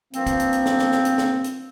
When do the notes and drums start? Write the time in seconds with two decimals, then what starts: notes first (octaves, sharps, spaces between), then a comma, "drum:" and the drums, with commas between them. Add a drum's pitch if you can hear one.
0.13 G2 F3 A#3 C4, drum: hi-hat
0.26 drum: kick, hi-hat
0.40 drum: hi-hat
0.53 drum: hi-hat
0.66 drum: snare
0.79 drum: snare
0.92 drum: snare
1.05 drum: hi-hat
1.18 drum: snare
1.44 drum: hi-hat